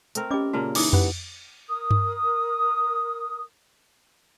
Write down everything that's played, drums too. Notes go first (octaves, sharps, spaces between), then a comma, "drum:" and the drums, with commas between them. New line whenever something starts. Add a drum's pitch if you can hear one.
A3 C4 A#4, drum: hi-hat
C#4 G4 D#5 B5 D6
A#2 C#3 A#3 F#4 A5
E3 D#4 D6 D#6, drum: cymbal
G4 B4 F#5, drum: tom F2
A#4 D#6
drum: tom G2